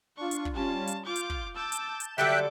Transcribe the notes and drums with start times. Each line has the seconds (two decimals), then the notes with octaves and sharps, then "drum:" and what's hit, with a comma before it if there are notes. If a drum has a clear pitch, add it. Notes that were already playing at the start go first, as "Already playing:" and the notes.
0.17 D4 F4 C#6
0.31 drum: hi-hat
0.45 drum: kick
0.54 G3 C#4 F4 A5
0.87 drum: hi-hat
1.05 F4 D6 F6 G6
1.16 drum: hi-hat
1.30 drum: kick
1.55 A5 D6 E6 G6 E7
1.72 drum: hi-hat
2.00 drum: hi-hat
2.18 D3 F#3 G3 A4 E5 G5 D6 F#6